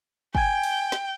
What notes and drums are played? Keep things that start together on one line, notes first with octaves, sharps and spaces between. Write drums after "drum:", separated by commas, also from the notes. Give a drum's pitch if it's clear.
G5 G#5 G#6, drum: kick
drum: cymbal
drum: snare